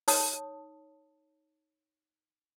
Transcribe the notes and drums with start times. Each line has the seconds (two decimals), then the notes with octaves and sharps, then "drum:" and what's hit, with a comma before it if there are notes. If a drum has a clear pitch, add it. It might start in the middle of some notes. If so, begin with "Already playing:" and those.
0.08 D#4 C#5 A5 D#6, drum: open hi-hat